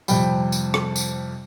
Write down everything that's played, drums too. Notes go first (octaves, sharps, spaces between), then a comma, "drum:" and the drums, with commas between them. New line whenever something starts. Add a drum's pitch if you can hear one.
F2 C3 G3 G5 B5, drum: tambourine
drum: tambourine
drum: rim click
drum: tambourine